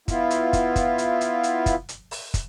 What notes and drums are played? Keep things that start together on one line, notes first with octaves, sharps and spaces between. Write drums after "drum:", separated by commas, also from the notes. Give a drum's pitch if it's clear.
B3 E4 F4, drum: kick, hi-hat
drum: hi-hat
drum: kick, hi-hat
drum: kick, hi-hat
drum: hi-hat
drum: hi-hat
drum: hi-hat
drum: kick, hi-hat
drum: hi-hat
drum: open hi-hat
drum: kick, hi-hat